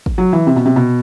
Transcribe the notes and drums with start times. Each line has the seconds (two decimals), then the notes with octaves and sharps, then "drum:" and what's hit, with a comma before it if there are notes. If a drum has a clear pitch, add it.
0.06 drum: kick
0.18 F#3
0.33 E3
0.47 C3
0.56 B2
0.66 C3
0.76 B2